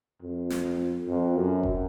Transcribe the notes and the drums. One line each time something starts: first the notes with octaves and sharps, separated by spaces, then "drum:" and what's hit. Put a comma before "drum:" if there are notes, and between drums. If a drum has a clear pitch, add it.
F2
drum: snare
F2
F#2
drum: kick F1